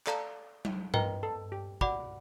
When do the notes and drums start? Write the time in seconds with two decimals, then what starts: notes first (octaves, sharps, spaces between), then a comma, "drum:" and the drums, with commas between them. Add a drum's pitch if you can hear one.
0.07 A4 D5 F5 A#5, drum: clap
0.65 drum: tom F#3
0.94 A#4 B4 D#5 G5, drum: tom G2
1.23 A4
1.52 G4
1.81 F#4 D5 F#5 B5 D6, drum: kick